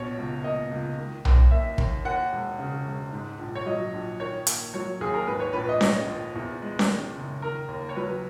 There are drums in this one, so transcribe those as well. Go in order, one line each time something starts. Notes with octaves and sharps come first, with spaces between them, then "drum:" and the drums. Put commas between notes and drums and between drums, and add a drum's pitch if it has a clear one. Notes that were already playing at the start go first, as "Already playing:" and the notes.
Already playing: A#1 B2 C#5
C#2
A#3 D#5
C#2
D#3
D#2, drum: tom B1
A#3 E5
D#2, drum: kick
D#2 F#5
E1
C#3
E1
G#2
A#1
C#5
F#3 D#5
A#1
D#3 C#5
A#3, drum: hi-hat
F#3 C#5
D#2 G#4
A#4
G#2 B4
C#5
A#1 B4
D#5
D#3 C#5, drum: snare C#4
A#1
E2
G#3
drum: snare C#4
D#3
F#1
D#3 A#4
D#2
C#5
F#3 B4